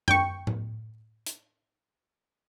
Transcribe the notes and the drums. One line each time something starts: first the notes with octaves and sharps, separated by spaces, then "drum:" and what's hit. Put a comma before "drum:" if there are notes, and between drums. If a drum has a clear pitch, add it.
G5 C#6, drum: tom F#2
drum: tom A2
drum: hi-hat